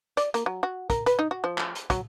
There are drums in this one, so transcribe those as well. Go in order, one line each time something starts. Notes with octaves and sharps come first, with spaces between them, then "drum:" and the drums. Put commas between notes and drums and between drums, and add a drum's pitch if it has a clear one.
D5, drum: hi-hat
A#3, drum: hi-hat
F#3
F#4
A#4, drum: kick, hi-hat
B4, drum: hi-hat
D#4
F#4
F3
drum: clap
drum: hi-hat
F#3, drum: kick, hi-hat